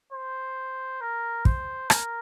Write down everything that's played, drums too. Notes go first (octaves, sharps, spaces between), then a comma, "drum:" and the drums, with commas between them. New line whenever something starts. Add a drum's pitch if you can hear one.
C5
A#4
C5, drum: kick
A#4, drum: rim click